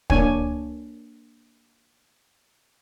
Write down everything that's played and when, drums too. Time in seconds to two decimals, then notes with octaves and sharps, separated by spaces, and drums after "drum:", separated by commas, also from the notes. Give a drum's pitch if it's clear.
0.10 A#3 D4 C#5 G#5, drum: kick